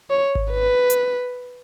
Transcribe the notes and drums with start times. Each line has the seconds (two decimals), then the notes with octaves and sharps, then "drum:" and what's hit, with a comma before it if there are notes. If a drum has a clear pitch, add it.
0.10 C#5
0.35 drum: kick G#1
0.52 B4
0.90 drum: hi-hat